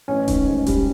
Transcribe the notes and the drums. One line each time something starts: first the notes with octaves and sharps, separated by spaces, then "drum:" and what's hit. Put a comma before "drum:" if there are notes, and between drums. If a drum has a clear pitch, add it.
A1 C#4
D#3, drum: kick D#1, hi-hat
G#2
G3, drum: kick D#1, hi-hat